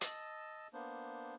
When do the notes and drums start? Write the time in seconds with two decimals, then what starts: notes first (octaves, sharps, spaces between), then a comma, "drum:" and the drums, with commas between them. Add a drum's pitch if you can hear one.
0.01 D#5 A5 E6, drum: hi-hat
0.73 A#3 B3 D4 C5